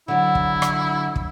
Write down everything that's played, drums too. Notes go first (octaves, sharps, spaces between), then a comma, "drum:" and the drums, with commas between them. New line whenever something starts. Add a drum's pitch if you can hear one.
D3 F#3 E4
drum: kick
drum: rim click
drum: kick